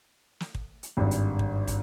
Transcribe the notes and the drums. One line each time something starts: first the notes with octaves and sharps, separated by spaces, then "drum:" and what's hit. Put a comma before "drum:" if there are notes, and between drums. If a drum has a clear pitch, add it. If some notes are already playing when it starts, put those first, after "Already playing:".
drum: snare
drum: kick
drum: hi-hat
G#1 G2
drum: hi-hat
drum: kick
drum: kick, hi-hat